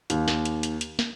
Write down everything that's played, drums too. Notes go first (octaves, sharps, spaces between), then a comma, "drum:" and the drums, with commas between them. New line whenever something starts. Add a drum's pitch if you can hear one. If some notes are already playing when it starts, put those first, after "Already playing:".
D#2, drum: hi-hat
drum: snare
drum: hi-hat
drum: hi-hat
drum: hi-hat
drum: snare